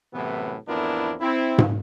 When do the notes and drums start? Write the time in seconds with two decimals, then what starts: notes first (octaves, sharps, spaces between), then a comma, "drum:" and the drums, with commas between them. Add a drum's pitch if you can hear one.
0.13 F#2 A2 C3 E3 B3
0.68 A1 F2 B3 D4 E4 A#4
1.21 C4 E4
1.58 drum: tom G#2